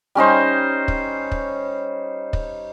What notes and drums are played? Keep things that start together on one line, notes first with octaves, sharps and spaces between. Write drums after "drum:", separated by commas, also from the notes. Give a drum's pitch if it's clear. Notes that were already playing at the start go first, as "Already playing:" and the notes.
G3 C#4 D#4 C5
drum: kick
drum: kick
drum: kick